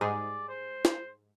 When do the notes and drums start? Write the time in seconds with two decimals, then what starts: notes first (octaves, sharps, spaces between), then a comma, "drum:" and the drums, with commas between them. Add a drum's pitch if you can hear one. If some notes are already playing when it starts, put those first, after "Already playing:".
0.01 G#2 G#4 D5
0.49 C5
0.85 drum: snare